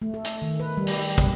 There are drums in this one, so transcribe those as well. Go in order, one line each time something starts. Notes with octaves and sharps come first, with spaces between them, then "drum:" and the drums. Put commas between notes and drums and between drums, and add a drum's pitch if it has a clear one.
A3
A4
drum: hi-hat
D#3
B4
G3
drum: open hi-hat
B2, drum: kick, hi-hat